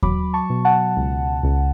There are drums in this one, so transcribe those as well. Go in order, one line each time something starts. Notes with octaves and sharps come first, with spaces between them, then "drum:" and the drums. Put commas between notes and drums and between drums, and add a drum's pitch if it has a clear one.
F#3 B5 D6, drum: kick D#2
A5 C#6
B2
F#5 A5
C#2
C#2